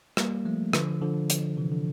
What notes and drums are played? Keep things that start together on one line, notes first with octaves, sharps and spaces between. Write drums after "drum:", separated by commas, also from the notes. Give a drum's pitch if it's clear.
G3 A#3, drum: rim click
F3 A3
D3 F3, drum: rim click
D3 F3
drum: hi-hat
C3 E3
D3